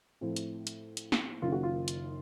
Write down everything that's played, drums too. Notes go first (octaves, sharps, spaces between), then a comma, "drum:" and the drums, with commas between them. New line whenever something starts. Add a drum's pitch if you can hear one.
A2 F3 A3 C4 E4
drum: hi-hat
drum: hi-hat
drum: hi-hat
drum: snare
F#1 F#2 D#3 F4
F#4
F4
drum: hi-hat